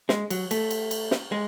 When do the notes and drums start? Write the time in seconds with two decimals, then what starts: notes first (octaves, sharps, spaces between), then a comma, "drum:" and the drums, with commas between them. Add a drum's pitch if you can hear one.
0.09 G#3, drum: snare
0.30 F#3, drum: cymbal
0.51 A3, drum: cymbal
0.71 drum: cymbal
0.91 drum: cymbal
1.11 drum: snare
1.32 G#3